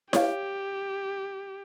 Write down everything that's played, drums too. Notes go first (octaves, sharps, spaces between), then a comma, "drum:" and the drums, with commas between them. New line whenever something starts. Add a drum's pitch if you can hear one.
G4 C#5 F5, drum: snare E4